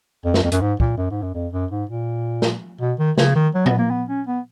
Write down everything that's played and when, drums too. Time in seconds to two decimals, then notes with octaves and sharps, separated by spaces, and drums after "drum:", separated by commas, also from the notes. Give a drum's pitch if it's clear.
0.25 F2
0.34 F#2, drum: snare
0.43 F2
0.52 F#2, drum: hi-hat
0.61 G#2
0.80 A#2, drum: kick
0.97 F#2
1.11 G#2
1.22 F#2
1.34 F2
1.53 F#2
1.71 G#2
1.90 A#2
2.42 drum: snare
2.81 B2
2.98 D#3
3.18 C#3, drum: snare
3.35 D#3
3.54 F#3
3.66 B3, drum: tom A#2
3.78 A#3
3.90 B3
4.09 C#4
4.27 B3